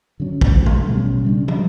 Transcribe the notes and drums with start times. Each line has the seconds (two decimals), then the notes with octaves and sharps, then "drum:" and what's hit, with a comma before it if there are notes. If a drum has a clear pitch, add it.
0.20 D3 F#3 C#4
0.41 drum: kick
0.55 D3 F#3 A3
0.66 drum: tom
0.89 B2 G3 C#4
1.24 C#3 G3 D4
1.48 drum: tom